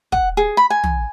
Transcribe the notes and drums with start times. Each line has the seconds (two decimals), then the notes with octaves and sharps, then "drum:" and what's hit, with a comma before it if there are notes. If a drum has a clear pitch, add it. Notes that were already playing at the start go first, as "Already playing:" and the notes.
0.12 F#5, drum: kick
0.37 G#4
0.57 B5
0.70 G#5
0.84 drum: tom